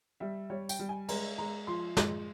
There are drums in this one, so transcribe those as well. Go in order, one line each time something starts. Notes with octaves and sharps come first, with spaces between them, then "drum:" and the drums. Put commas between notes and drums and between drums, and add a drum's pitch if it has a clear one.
G3 E5
G3 C#5
G5, drum: tambourine
G3
G#5
G#3 A#5, drum: cymbal
G#3 A#5
F3 C6
G#3, drum: snare